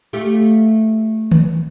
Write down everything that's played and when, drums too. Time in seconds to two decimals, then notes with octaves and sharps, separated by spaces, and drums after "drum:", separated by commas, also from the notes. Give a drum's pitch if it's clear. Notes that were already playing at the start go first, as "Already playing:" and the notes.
0.13 A3 F4 G4
1.32 drum: tom D#3